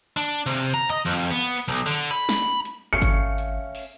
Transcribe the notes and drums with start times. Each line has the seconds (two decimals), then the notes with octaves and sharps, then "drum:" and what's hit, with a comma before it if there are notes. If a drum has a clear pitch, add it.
0.17 D4
0.46 C3, drum: hi-hat
0.74 A#5
0.90 D#5
1.05 F2
1.19 drum: hi-hat
1.31 B3
1.56 drum: open hi-hat
1.68 B1
1.86 D3
2.11 B5
2.29 drum: snare
2.65 drum: hi-hat
2.93 G#1 A3 C#4 F5 C#7
3.02 drum: kick G1, hi-hat
3.38 drum: hi-hat
3.75 drum: open hi-hat